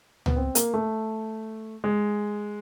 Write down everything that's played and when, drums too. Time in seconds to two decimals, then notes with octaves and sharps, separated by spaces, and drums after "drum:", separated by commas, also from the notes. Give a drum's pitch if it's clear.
0.26 B3, drum: tom C#2
0.36 C4
0.55 A#3, drum: hi-hat
0.74 A3
1.84 G#3